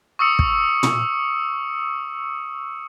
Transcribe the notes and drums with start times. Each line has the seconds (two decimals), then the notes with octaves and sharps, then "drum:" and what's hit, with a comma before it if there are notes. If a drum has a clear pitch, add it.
0.19 C#6 D#6 E6 C#7
0.39 drum: kick
0.83 drum: tom